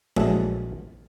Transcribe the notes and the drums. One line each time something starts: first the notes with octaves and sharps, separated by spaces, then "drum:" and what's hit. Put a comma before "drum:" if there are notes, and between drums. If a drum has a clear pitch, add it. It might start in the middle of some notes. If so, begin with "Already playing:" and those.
A#1 F#3 G#3 G#4 A4 E5, drum: tom G#3